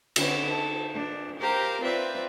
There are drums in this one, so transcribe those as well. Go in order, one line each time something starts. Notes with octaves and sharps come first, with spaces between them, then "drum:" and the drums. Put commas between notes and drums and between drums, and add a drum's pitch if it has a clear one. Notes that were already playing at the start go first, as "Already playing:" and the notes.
D3 B3 C#4, drum: cymbal
A4
D4
G4 A#4 C5 F5 A#5
C4 F4 B4 D5 E5